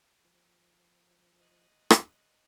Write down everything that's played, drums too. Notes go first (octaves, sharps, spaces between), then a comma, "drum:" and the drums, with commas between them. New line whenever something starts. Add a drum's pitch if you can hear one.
F3
D#5 F#6
drum: rim click